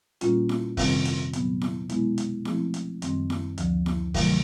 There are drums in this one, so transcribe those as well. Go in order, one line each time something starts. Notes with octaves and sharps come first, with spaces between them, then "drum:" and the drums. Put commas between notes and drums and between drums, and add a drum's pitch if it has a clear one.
A#2 G3 A#3 C#4 F4, drum: hi-hat
drum: snare E4
F2 C3 D#3 G3 C4, drum: kick, open hi-hat
drum: hi-hat
A#2 F#3 B3, drum: hi-hat
drum: snare E4
B2 G#3 B3 E4, drum: hi-hat
drum: hi-hat
F3 A3 C4 E4 G#4, drum: snare E4
drum: hi-hat
F#2 D#3 G3 C4, drum: hi-hat
drum: snare E4
D2 D3 F3, drum: hi-hat
drum: snare E4
C3 D#3 F#3 A3, drum: kick, open hi-hat